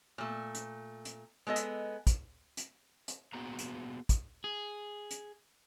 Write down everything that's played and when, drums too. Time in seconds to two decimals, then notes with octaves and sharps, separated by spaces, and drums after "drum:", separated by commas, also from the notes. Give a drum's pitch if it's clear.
0.18 A#2 A3
0.55 drum: hi-hat
1.05 drum: hi-hat
1.47 G#3 B3 A4 D#5
1.56 drum: hi-hat
2.07 drum: kick, hi-hat
2.57 drum: hi-hat
3.08 drum: hi-hat
3.33 A#3 B3 F#4 G#4 A#5
3.59 drum: hi-hat
4.09 drum: kick, hi-hat
4.44 G#4
5.11 drum: hi-hat